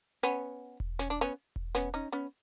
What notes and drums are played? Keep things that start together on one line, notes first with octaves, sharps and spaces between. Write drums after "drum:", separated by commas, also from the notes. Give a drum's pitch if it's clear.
B3 C#4
drum: kick E1
C#4, drum: snare
D4
B3 C#4
drum: kick E1
B3 C#4, drum: snare
C#4 D#4
B3 C#4